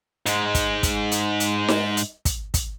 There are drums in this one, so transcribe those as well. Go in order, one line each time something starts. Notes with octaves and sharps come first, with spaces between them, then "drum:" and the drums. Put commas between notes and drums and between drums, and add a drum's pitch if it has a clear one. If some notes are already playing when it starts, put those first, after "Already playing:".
G#2 G#3, drum: hi-hat
drum: kick, hi-hat
drum: kick, hi-hat
drum: hi-hat
drum: hi-hat
drum: snare D#4
drum: hi-hat
drum: kick, hi-hat
drum: kick, hi-hat